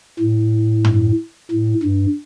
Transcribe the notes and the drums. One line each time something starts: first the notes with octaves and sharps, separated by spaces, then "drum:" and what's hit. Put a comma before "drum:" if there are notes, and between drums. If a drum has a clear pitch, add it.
A2
drum: tom
A2
G2